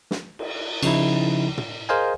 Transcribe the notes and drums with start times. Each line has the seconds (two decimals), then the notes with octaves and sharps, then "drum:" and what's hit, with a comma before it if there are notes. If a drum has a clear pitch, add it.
0.11 drum: snare
0.39 drum: cymbal
0.83 C#3 F3 D#4 E4, drum: cymbal
1.58 drum: tom
1.89 G#4 A#4 C5 D#5 F5 G#5